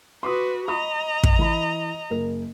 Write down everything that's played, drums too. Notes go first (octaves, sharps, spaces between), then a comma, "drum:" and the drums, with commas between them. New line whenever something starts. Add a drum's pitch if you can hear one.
F#4 B4 C6 D6 D#6
D#5 A#5 B5 C#6 D#6
drum: kick
E3 B5
F#1 A#4